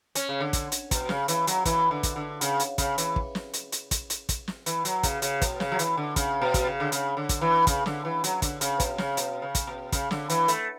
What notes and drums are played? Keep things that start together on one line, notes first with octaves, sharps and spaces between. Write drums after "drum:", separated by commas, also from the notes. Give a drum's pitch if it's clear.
C#4, drum: hi-hat
C#3
D3
drum: kick, hi-hat
drum: hi-hat
B2, drum: kick, hi-hat
C#3, drum: snare
E3, drum: hi-hat
F#3, drum: hi-hat
E3, drum: kick, hi-hat
D3
drum: kick, hi-hat
D3
C#3, drum: hi-hat
drum: hi-hat
C#3, drum: kick, hi-hat
E3, drum: hi-hat
drum: kick
drum: snare
drum: hi-hat
drum: hi-hat
drum: kick, hi-hat
drum: hi-hat
drum: kick, hi-hat
drum: snare
E3, drum: hi-hat
F#3, drum: hi-hat
C#3, drum: kick, hi-hat
C#3, drum: hi-hat
B2, drum: kick, hi-hat
C#3, drum: snare
F#3
E3, drum: hi-hat
D3
C#3, drum: kick, hi-hat
B2
drum: kick, hi-hat
C#3
D3
C#3, drum: hi-hat
D3
drum: kick, hi-hat
E3
C#3, drum: kick, hi-hat
D3, drum: snare
E3
F#3, drum: hi-hat
D3, drum: kick, hi-hat
C#3, drum: hi-hat
B2, drum: kick, hi-hat
C#3, drum: snare
B2, drum: hi-hat
C#3
drum: kick, hi-hat
B2
C#3, drum: kick, hi-hat
D3, drum: snare
E3, drum: hi-hat
A3, drum: hi-hat